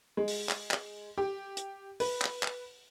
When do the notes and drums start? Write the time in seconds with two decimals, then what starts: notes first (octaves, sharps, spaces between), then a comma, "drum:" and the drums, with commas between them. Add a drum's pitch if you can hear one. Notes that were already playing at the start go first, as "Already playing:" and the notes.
0.17 G#3
0.28 drum: open hi-hat
0.49 drum: clap
0.71 drum: clap
1.18 G4
1.57 drum: hi-hat
2.00 B4, drum: open hi-hat
2.22 drum: clap
2.43 drum: clap